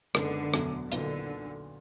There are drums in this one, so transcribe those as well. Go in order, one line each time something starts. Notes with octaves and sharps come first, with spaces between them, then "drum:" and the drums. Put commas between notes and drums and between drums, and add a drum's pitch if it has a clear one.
F#1 F#2 D3 D#3 G#3 B3, drum: rim click
E2 B2 F#3 A3, drum: rim click
B1 A#2 D3 F#3 B3 D#4, drum: hi-hat